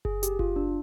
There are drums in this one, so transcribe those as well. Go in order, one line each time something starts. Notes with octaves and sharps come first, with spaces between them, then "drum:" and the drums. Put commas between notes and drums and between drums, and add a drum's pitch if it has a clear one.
G#4, drum: kick F#1
G4, drum: hi-hat
F4, drum: kick F#1
D4